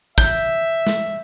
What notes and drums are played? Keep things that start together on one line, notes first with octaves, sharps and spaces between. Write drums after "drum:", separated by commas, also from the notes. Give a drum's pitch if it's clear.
E5 G6, drum: kick
drum: snare